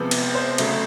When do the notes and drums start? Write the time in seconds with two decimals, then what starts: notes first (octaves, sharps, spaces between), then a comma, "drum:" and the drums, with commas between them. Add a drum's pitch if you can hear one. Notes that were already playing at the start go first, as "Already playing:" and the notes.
Already playing: C3 F3 G#3 B3
0.11 drum: cymbal
0.35 C5
0.58 C#3 F#3 A3, drum: cymbal